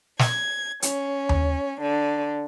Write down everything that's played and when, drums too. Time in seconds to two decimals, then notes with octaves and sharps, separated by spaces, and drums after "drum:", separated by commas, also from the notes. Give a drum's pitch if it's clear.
0.19 G#6, drum: snare
0.82 C#4, drum: hi-hat
1.29 drum: tom D#2
1.80 D3